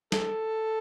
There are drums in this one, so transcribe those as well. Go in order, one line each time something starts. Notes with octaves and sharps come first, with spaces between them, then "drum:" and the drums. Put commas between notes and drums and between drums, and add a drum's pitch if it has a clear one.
A4, drum: snare